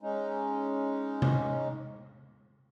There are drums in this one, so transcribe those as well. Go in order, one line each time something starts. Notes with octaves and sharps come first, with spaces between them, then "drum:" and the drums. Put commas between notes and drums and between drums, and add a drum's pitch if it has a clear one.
G#3 C#4 D#4
drum: tom C3